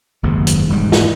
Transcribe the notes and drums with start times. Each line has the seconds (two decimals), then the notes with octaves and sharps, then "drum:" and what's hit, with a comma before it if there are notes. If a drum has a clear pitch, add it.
0.23 F#1 D#2 G#2 C3
0.47 drum: hi-hat
0.70 E1 G#2 G3
0.92 drum: snare